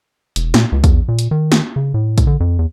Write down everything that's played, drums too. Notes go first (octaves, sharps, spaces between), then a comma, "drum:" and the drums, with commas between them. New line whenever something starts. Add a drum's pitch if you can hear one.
E1, drum: hi-hat
A#2, drum: snare
C#2
E2, drum: kick, hi-hat
A#2
drum: hi-hat
D#3
drum: snare
C#3
A2
drum: kick, hi-hat
D3
F2
E2